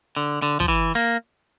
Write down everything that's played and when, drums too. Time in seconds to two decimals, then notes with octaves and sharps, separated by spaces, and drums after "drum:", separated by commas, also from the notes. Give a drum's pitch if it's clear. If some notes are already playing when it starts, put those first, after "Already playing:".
0.17 D3
0.42 D3
0.60 F3, drum: kick
0.68 E3
0.95 A#3